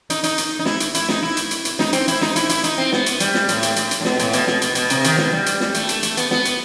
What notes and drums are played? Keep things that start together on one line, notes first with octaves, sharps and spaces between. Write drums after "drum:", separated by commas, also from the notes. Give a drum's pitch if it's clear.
D#4, drum: hi-hat
D#4, drum: hi-hat
drum: hi-hat
D#4
E4, drum: snare
drum: hi-hat
E4, drum: hi-hat
D#4, drum: snare
E4
drum: hi-hat
drum: hi-hat
drum: hi-hat
D#4, drum: snare
C4, drum: hi-hat
E4, drum: hi-hat
D#4, drum: snare
E4, drum: hi-hat
E4, drum: hi-hat
D#4, drum: hi-hat
C4
B3, drum: snare
drum: hi-hat
G3, drum: hi-hat
drum: snare
A2, drum: hi-hat
drum: hi-hat
A2, drum: hi-hat
drum: hi-hat
A2
B2, drum: snare
A2, drum: hi-hat
B2, drum: hi-hat
B2, drum: snare
B2, drum: hi-hat
B2, drum: hi-hat
C3, drum: hi-hat
D#3, drum: hi-hat
B2, drum: snare
G3
drum: hi-hat
drum: snare
A3, drum: hi-hat
drum: hi-hat
A3, drum: hi-hat
B3, drum: hi-hat
B3, drum: snare
drum: hi-hat